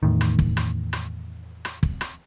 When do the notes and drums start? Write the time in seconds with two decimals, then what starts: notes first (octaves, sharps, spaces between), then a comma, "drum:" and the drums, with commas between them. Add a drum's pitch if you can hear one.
0.03 E2 A2 D#3
0.21 drum: rim click
0.39 drum: kick
0.57 drum: rim click
0.93 drum: rim click
1.65 drum: rim click
1.83 drum: kick
2.01 drum: rim click